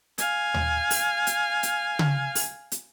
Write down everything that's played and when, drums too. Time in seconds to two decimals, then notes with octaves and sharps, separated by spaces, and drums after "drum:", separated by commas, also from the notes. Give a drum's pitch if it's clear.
0.18 F5 G#5, drum: hi-hat
0.54 drum: tom D#2
0.91 drum: open hi-hat
1.27 drum: hi-hat
1.63 drum: hi-hat
1.99 drum: tom C#3
2.35 drum: open hi-hat
2.72 drum: hi-hat